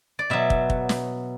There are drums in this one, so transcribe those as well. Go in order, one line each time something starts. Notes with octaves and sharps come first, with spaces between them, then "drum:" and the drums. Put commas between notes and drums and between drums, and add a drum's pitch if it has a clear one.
D5
B2 F#3 E5
drum: kick
drum: kick
drum: snare